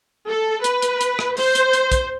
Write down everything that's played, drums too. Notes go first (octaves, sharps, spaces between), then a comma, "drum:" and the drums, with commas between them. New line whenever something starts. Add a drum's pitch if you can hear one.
A4
B4, drum: hi-hat
drum: hi-hat
drum: hi-hat
drum: rim click
C5, drum: open hi-hat
drum: hi-hat
drum: hi-hat
drum: kick, hi-hat